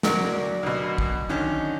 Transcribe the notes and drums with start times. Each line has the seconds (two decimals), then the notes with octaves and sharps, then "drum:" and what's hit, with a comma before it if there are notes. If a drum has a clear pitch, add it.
0.03 D2 F#3 A#4 D5, drum: snare
0.63 D2 B2
0.98 drum: kick
1.29 D3 D#3 C#4